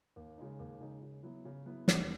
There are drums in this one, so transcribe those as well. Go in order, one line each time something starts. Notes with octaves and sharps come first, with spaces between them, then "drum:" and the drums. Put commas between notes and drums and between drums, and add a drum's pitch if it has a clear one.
D#2
C#3 G#3 D#4
D#2
C#3 G#3 D#4
C#3
F#3 B3 E4
C#3
F#3 B3 E4
E2, drum: snare